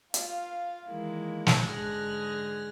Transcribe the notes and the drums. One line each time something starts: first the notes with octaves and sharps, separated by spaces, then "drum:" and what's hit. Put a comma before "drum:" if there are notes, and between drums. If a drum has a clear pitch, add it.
F4 F5, drum: hi-hat
D#3 E3 G#3 A#3 E4
drum: snare
G#2 D3 G#4 F6 F#6 A#6